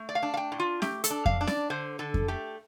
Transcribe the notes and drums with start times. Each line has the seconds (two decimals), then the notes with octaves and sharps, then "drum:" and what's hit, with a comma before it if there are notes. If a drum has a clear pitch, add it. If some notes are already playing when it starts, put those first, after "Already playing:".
Already playing: A3
0.09 D5
0.15 F5
0.23 D4
0.34 F5
0.37 G5
0.52 A2
0.60 F4
0.82 A3 G4, drum: snare C#4
1.04 A4, drum: hi-hat
1.10 D4
1.26 F5, drum: kick F2
1.41 D4
1.47 D5, drum: snare C#4
1.70 D3 C5
1.99 D3 A4
2.14 drum: kick F2
2.28 A3 G4